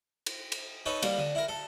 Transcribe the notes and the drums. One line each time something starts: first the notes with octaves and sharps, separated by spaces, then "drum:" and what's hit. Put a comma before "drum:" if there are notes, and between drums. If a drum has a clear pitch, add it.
drum: cymbal
drum: cymbal
D#4 A4 B4 C#5
G3 A#3, drum: cymbal
D3
E4 A#4
A4